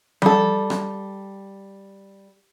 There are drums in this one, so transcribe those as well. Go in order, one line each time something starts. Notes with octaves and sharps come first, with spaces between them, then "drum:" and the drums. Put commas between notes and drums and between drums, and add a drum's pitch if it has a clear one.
G3 A4, drum: tom F3
drum: rim click